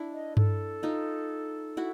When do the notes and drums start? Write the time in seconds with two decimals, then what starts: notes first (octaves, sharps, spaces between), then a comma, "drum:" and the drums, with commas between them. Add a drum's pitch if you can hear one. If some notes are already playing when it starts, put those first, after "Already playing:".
Already playing: D4 E4
0.13 D#5
0.37 A4, drum: tom G2
0.83 D#4 F4
1.77 E4 F#4